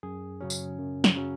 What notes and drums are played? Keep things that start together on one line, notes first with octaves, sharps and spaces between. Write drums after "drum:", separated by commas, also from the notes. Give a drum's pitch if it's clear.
F#2 G#4
C#3 F#3 C#4
drum: tambourine
F#2
drum: snare
C#3 F#3 C#4